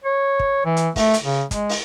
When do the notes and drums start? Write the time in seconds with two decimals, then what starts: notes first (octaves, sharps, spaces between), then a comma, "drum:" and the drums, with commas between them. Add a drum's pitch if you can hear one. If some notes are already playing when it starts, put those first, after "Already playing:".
0.04 C#5
0.40 drum: kick
0.65 E3
0.77 drum: hi-hat
0.96 A3, drum: kick, open hi-hat
1.14 drum: hi-hat
1.23 C#3
1.51 G#3, drum: kick, hi-hat
1.69 drum: open hi-hat